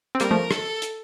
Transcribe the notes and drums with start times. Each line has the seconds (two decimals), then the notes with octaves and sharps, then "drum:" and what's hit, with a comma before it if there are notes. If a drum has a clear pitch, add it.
0.15 C4
0.20 G3 A#3 A#4, drum: hi-hat
0.31 F3 A3
0.51 A4, drum: rim click
0.82 drum: hi-hat